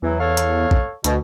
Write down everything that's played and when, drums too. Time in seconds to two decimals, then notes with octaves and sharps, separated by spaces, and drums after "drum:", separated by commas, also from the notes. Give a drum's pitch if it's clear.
0.02 E2 E3 F#3
0.20 A4 C#5 F5
0.37 drum: hi-hat
0.71 drum: kick
1.04 D2 B2, drum: hi-hat